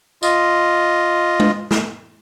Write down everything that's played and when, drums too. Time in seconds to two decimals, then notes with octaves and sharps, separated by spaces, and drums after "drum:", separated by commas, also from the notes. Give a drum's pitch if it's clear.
0.23 F4 D#5, drum: tambourine
1.40 drum: tom G#3
1.71 drum: snare